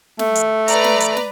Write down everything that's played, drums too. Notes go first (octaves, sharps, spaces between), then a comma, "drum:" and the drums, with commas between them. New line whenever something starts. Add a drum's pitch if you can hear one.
A3, drum: snare
drum: hi-hat
B4 D5 A#5, drum: hi-hat
drum: snare
drum: hi-hat
drum: snare